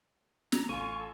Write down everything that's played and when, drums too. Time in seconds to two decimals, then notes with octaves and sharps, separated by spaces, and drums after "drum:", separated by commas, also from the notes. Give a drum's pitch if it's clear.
0.52 A#5 G#6 A#6, drum: snare
0.69 A1 F4 F5 G#5 C#6
0.99 A4